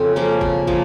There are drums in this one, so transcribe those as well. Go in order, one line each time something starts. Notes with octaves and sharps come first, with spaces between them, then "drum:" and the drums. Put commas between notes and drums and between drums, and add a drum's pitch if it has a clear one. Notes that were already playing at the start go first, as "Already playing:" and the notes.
Already playing: F2 C#3
F3 A#3 C#4
C#3, drum: kick
F3 A#3, drum: kick